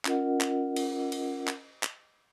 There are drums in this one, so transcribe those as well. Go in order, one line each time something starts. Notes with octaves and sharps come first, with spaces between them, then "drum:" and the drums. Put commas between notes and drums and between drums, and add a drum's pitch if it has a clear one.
C#4 F4 A#4 D#5 F#5, drum: clap
drum: clap
drum: cymbal
drum: cymbal
drum: clap
drum: clap